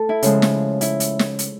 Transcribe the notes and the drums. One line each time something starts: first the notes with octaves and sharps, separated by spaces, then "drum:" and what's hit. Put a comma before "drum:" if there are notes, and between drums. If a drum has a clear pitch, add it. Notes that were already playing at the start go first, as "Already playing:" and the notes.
Already playing: A3 A4
E4
C#3 F3 G#3, drum: hi-hat
drum: snare
E4, drum: hi-hat
drum: hi-hat
drum: snare
drum: hi-hat